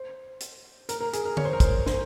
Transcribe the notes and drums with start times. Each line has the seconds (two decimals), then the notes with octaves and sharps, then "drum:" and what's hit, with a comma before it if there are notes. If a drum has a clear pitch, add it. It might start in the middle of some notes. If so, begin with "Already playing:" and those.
Already playing: C5
0.40 drum: hi-hat
0.89 A#4, drum: hi-hat
1.00 A#4
1.13 G#4, drum: hi-hat
1.25 A#4
1.37 C#5, drum: tom D3
1.45 C5
1.53 A#4
1.60 C5, drum: kick, hi-hat
1.87 C5, drum: snare